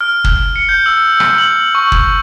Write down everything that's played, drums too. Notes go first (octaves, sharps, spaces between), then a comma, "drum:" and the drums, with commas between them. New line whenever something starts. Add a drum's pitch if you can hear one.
F6
drum: kick
C#7
G6
E6
drum: rim click
F#7
C#6
drum: kick